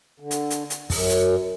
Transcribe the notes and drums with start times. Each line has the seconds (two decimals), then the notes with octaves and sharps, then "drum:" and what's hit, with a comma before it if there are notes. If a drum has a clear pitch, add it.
0.20 D3
0.31 drum: hi-hat
0.50 drum: hi-hat
0.70 drum: hi-hat
0.90 F#2, drum: kick, open hi-hat
1.09 drum: hi-hat